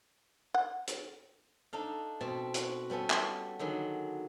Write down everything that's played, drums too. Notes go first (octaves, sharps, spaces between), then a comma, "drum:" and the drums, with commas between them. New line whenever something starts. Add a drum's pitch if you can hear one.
F#5
drum: hi-hat
D4 D#4 A4 F5
B2 C4 A5
F#4, drum: hi-hat
G3 B3 C#4 A4
drum: clap
D3 D#3 F#3 G#4